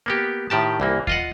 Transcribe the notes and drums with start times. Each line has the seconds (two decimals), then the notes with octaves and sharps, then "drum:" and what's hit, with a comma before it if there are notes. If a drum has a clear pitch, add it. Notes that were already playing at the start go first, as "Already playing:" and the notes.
0.06 A#3 B3 G4
0.50 A2 D#3 G4 A5
0.80 C2 E3 A#3
1.07 F4 D#5 F#5, drum: kick D#2